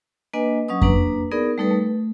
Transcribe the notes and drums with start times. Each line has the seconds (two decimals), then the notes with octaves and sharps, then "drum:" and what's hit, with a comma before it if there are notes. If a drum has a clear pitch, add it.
0.33 A#3 D4 B4 D#5 G#5
0.68 F#3 C#4 C#6 D#6
0.82 A#3 D4 B4 A#5, drum: kick F2
1.32 B3 D#4 G#4 A#4 D5
1.58 G3 A3 D#4 A4 B4
1.71 A3